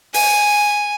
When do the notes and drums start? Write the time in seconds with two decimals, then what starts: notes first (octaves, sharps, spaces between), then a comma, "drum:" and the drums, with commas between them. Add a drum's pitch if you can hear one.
0.14 G#5, drum: open hi-hat